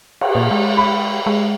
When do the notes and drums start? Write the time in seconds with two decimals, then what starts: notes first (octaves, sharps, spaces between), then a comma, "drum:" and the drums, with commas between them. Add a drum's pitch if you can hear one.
0.21 drum: cymbal
0.35 A#2
0.51 G#3
0.77 B5
1.26 G#3